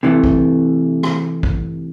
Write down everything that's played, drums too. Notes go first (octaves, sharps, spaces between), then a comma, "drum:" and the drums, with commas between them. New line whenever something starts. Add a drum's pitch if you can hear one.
C3 E3 A3
drum: kick
drum: rim click
drum: kick